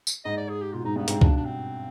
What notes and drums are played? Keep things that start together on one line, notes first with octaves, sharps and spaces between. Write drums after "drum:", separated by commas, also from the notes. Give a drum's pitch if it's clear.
drum: tambourine
G#2 D#5
D5
G#4
G4
B2 F4
G#2 D#4
G2 B3
G#2 C4, drum: hi-hat
G2 B2 D4, drum: kick C#2
D4
C4